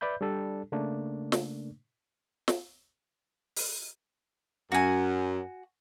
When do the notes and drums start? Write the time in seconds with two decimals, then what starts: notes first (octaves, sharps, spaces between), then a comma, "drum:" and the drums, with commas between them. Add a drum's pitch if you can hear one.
0.01 B4 D5 E5 B5 G6
0.21 G3 D4 A4
0.72 C#3 A3 A#3 D4
1.32 drum: snare
2.48 drum: snare
3.56 drum: open hi-hat
4.72 F#2 F#4 G#5